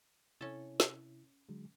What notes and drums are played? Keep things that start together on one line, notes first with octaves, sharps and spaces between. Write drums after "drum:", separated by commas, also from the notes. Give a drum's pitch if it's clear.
C3 C#4 E4 A4
drum: snare
D3 F#3 G#3